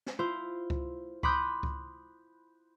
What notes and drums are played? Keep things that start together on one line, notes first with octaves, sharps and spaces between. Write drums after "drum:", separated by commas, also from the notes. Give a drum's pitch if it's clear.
drum: snare
E4 F4 C5
drum: kick C#2
B5 C6 D6 D#6 F#6 G6, drum: kick C#2
drum: kick C#2